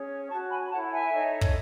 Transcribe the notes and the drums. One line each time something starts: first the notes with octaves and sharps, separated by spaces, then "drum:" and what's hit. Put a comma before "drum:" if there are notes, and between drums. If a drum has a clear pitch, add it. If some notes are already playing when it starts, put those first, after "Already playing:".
Already playing: C#4 G#4 C#5
F#4 C#5 A5 C#6
G#5 B5
B5
E4 A4 C#5 F#5 A5
E5 G#5
D#4 A4 C#5
drum: kick